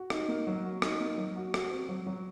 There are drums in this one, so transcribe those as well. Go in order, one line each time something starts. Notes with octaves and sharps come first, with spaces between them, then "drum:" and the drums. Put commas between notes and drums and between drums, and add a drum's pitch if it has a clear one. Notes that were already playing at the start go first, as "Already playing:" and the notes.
Already playing: F#4
D#4, drum: rim click
A#3
F#3
F#4
D#4, drum: rim click
A#3
F#3
F#4
F#4, drum: rim click
C4
F#3
F#3